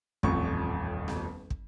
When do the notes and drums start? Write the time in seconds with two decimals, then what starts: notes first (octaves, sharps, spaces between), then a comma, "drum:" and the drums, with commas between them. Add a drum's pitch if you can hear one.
0.23 D#1 A1 F2 C#6, drum: kick
1.08 drum: snare B3
1.50 drum: kick